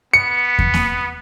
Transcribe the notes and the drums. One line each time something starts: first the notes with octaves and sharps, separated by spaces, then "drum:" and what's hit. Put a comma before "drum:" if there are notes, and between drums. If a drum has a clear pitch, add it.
B3 C#7
drum: kick E2
drum: snare A#3